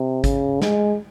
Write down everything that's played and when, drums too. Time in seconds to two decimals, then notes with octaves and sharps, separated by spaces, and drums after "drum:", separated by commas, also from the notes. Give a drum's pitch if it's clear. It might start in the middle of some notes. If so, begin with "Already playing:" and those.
Already playing: C3
0.24 C#3, drum: kick G#1, hi-hat
0.62 G#3, drum: snare